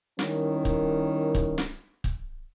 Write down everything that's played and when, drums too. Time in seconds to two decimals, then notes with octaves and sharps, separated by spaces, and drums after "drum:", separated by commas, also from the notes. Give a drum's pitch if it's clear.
0.19 D#3 G3 C#4 E4 A#4, drum: snare
0.65 drum: kick
1.35 drum: kick
1.58 drum: snare
2.04 drum: kick